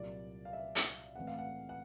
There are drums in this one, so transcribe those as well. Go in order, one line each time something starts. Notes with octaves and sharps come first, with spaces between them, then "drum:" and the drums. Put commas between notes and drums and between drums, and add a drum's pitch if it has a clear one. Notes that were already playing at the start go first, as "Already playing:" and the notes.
Already playing: C2 A#2 F#3 A#3 D5
F5
E5
drum: hi-hat
A2 E3 G#3 C4 F#5
F5
F#5
F#5